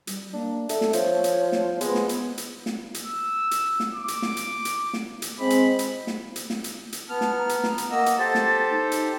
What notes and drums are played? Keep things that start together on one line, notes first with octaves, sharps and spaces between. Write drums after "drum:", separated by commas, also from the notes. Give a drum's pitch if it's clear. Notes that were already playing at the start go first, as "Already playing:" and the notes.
G3, drum: hi-hat
A#3 D4
A4 E5, drum: hi-hat
drum: snare
F3 C#5, drum: hi-hat
drum: hi-hat
drum: snare
G#3 B3, drum: hi-hat
drum: snare
drum: hi-hat
drum: hi-hat
drum: snare
drum: hi-hat
E6
drum: hi-hat
drum: snare
D6
drum: hi-hat
drum: snare
drum: hi-hat
drum: hi-hat
drum: snare
drum: hi-hat
G#3 C4 B5
drum: hi-hat
drum: hi-hat
drum: snare
drum: hi-hat
drum: snare
drum: hi-hat
drum: hi-hat
B3 A5 F6
drum: snare
A#5
drum: hi-hat
drum: snare
drum: hi-hat
A#3 D#5 F#5 E6
drum: hi-hat
G4 A4 C5 A6
drum: snare
D#4
drum: hi-hat